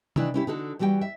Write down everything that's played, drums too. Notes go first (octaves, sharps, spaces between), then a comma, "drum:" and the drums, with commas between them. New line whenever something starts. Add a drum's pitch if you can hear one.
D#3 E3 D4 E4, drum: tom C3
C#4 E4 G4
D3 D#4 F#4 A4
E3 G3 F#4 G4 G5
E5